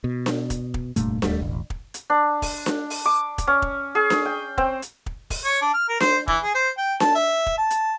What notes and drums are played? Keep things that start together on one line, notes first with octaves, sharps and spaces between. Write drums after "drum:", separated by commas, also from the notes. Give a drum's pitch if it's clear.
B2
drum: snare D4
drum: kick, hi-hat
drum: kick
F1 G2 A#2 A3, drum: hi-hat
D1 D#2 G3 A3, drum: snare D4
E1 A1
drum: kick
drum: hi-hat
D4
drum: kick, open hi-hat
drum: snare D4
drum: open hi-hat
D6
drum: kick, hi-hat
C#4
drum: kick
G#4
drum: snare D4
G5
C4, drum: kick
drum: hi-hat
drum: kick
drum: kick, open hi-hat
C#5
D4
F6
A#4
C5, drum: snare D4
E3, drum: kick
G#4
C5
G5
A5, drum: snare D4
E5
drum: kick
A5
drum: hi-hat